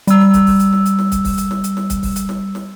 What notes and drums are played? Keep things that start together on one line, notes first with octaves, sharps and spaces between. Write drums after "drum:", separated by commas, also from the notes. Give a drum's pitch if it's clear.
G3 E6, drum: hi-hat
drum: snare
drum: kick, hi-hat
drum: kick, open hi-hat
drum: hi-hat
drum: snare
drum: hi-hat
drum: snare
drum: kick, hi-hat
drum: kick, open hi-hat
drum: hi-hat
drum: snare
drum: hi-hat
drum: snare
drum: kick, hi-hat
drum: kick, open hi-hat
drum: hi-hat
drum: snare
drum: snare